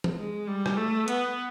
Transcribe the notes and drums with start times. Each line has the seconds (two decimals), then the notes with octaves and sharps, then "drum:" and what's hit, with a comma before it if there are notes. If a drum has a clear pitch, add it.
0.04 drum: tom
0.17 G#3
0.48 G3
0.66 drum: rim click
0.77 A3
1.08 B3, drum: hi-hat